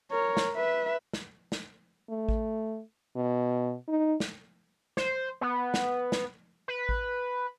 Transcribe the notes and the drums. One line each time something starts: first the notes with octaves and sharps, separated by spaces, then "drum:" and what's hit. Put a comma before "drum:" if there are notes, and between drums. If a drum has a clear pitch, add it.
A#4 C#5
drum: snare
B4 E5
drum: snare
drum: snare
A3
drum: kick A1
B2
D#4
drum: snare
C5, drum: snare
B3
drum: snare
drum: snare
B4
drum: kick A1